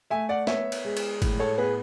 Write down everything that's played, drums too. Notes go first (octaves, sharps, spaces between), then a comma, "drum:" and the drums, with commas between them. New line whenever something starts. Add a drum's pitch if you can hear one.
A3 E5 G#5
D5 F#5
B3 C#5 E5, drum: snare
drum: cymbal
G#3
drum: cymbal
A2, drum: kick G1, cymbal
A4 C#5
B3 G#4 B4